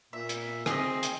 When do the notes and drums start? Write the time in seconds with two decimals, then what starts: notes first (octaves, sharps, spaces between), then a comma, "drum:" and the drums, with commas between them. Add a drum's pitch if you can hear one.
0.13 A#2 E5
0.29 drum: hi-hat
0.66 C4 G#4 D#5, drum: rim click
1.03 drum: hi-hat